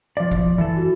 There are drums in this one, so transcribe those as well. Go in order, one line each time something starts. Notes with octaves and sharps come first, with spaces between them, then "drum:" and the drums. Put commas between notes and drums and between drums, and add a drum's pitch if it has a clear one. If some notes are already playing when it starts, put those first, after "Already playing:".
F3 D5
drum: kick G1
E3 A4
F#4